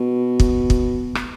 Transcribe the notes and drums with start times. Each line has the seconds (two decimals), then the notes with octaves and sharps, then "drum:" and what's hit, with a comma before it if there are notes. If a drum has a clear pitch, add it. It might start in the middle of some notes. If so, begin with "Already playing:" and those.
Already playing: B2
0.40 drum: kick
0.70 drum: kick
1.15 drum: rim click